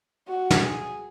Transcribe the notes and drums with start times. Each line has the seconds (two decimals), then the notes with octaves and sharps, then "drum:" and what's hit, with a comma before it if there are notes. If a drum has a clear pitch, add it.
0.28 F#4
0.51 drum: snare
0.62 G#4